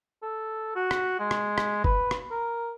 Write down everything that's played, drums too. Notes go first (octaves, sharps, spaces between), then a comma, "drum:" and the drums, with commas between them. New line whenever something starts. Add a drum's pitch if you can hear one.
A4
F#4
drum: rim click
G#3
drum: rim click
drum: rim click
B4, drum: kick
drum: rim click
A#4